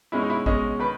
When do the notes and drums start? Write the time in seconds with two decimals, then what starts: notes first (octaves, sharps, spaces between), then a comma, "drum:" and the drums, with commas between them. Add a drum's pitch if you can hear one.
0.12 B2 G#3 C#4 E4
0.21 D#4
0.30 E4
0.46 B2 G#3 C#4 D#5, drum: kick
0.79 D#3 B4